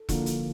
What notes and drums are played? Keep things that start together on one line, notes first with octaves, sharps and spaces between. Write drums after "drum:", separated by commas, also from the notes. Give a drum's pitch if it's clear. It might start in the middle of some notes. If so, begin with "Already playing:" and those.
Already playing: A4
D3 F3 A#3, drum: kick E1, hi-hat
drum: hi-hat